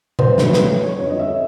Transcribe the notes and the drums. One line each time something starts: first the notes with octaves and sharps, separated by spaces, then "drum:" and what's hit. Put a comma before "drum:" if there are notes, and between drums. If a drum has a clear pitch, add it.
C5, drum: tom A#2
D#2 C#3 F#3 A3 C#4 B4, drum: snare
B4, drum: snare
C#5
F2 D3 G3 C#5
D#5
E5